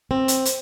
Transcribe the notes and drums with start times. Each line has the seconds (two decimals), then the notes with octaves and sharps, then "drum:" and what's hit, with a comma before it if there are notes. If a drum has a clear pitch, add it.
0.11 C4
0.28 drum: hi-hat
0.45 drum: hi-hat